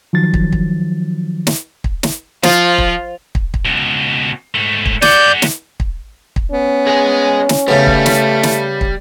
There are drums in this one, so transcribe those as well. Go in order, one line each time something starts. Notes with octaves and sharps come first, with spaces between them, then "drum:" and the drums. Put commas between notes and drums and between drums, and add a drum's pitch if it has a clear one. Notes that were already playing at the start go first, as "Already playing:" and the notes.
D#3 F3 F#3 A6
drum: kick
drum: kick
drum: snare
drum: kick
drum: snare
F3 F4, drum: snare
drum: kick
drum: kick
drum: kick
C#2 B2
G#2 A3
drum: kick
G#4 D5 F#5 G6, drum: snare
drum: snare
drum: kick
drum: kick
B3 C#4
G#3 G#4
drum: snare
C#3 G3 A3 B3
drum: kick
drum: snare
drum: snare
drum: kick